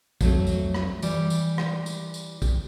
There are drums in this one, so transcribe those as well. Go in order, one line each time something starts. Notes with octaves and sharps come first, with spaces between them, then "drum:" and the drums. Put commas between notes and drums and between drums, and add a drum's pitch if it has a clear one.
F2 F#3 A3, drum: kick B1, tambourine
drum: tambourine
drum: rim click
E3 G3 D5, drum: tambourine
drum: tambourine
drum: rim click
drum: tambourine
drum: tambourine
drum: kick B1, tambourine